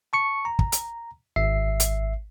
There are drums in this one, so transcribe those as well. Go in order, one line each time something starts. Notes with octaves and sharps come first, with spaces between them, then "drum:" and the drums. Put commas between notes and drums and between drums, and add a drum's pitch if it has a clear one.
A5 C#6 C#7
A#5
drum: kick
drum: hi-hat
G#1 E5 C7
drum: hi-hat